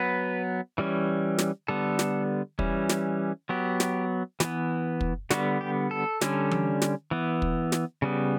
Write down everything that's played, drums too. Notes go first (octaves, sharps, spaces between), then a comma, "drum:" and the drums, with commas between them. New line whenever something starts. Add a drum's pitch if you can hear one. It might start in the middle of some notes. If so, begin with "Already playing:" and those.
Already playing: F#3 B3 B4
E3 G3 C#4
drum: snare
D3 G3 B3 A4
drum: snare
E3 G3 C#4, drum: kick
drum: snare
F#3 B3 G4
drum: snare
E3 B3, drum: snare
drum: kick
D3 G3 B3 F#4, drum: snare
G4
A4
D3 G3 C#4, drum: snare
drum: tom E3
drum: snare
E3 B3
drum: kick
drum: snare
C#3 G3 B3